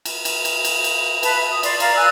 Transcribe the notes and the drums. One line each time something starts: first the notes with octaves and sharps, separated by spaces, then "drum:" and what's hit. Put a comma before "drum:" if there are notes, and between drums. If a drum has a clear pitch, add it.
drum: cymbal
drum: cymbal
drum: cymbal
drum: cymbal
drum: cymbal
B4 A5, drum: cymbal
E5
D#6
D5 C6, drum: cymbal
D5 F5 A#5, drum: cymbal
G#5 E6 F#6